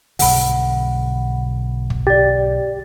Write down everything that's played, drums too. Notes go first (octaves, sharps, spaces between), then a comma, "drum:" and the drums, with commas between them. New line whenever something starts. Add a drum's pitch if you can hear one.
B1 G2 D3 F#5 B5, drum: open hi-hat
drum: kick
G4 D5 A6